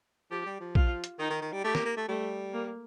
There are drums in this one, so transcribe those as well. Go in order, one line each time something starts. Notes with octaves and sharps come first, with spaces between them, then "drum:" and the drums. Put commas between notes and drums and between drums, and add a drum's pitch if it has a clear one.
F3 G4
G3
F3
F4, drum: kick A#1
drum: hi-hat
D#3 D#4
D#3
D#3
G3
A3 G4
A#3, drum: snare
A#3
A3
G3 A3
A#3